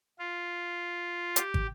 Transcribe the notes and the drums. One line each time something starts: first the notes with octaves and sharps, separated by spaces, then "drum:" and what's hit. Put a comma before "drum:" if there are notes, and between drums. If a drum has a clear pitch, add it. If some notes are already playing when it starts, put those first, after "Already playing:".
F4
G4, drum: hi-hat
drum: kick